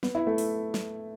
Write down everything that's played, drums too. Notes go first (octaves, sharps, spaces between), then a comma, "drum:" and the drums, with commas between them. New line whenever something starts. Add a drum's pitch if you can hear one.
B3, drum: snare
E4
A3
drum: open hi-hat
drum: snare